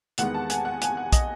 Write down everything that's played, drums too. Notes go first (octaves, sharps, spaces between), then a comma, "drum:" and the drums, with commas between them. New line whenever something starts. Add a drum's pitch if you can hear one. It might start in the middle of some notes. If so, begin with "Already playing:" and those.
E2 D#3 G#3 B3 F#5, drum: hi-hat
A5
G#5, drum: hi-hat
F#5
G#5, drum: hi-hat
F#5
D#5, drum: kick, hi-hat